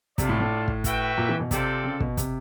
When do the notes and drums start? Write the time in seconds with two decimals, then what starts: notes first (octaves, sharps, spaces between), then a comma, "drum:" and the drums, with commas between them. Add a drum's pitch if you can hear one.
0.18 C3 D4 F4 A4 D5, drum: kick, hi-hat
0.29 A2
0.40 A2
0.68 drum: kick
0.84 F#4 B4 E5 G5, drum: kick, hi-hat
1.18 A#2
1.29 E3
1.40 B2
1.51 C3 C4 F4 A4 D5 G5, drum: kick, hi-hat
1.84 C#3
2.00 B2, drum: kick
2.17 C3, drum: kick, hi-hat